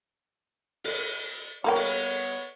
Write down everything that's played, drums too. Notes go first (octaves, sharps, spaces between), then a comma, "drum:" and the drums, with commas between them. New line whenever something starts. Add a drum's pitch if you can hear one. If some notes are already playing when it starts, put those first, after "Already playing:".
drum: open hi-hat
G3 A#3 B3 C#5 G5
drum: open hi-hat